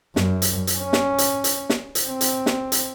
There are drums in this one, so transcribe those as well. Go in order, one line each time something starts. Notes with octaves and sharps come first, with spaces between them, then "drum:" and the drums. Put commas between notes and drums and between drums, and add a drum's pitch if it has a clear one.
F#2, drum: snare
drum: hi-hat
drum: hi-hat
C#4
drum: snare
drum: hi-hat
drum: hi-hat
drum: snare
drum: hi-hat
C4
drum: hi-hat
drum: snare
drum: hi-hat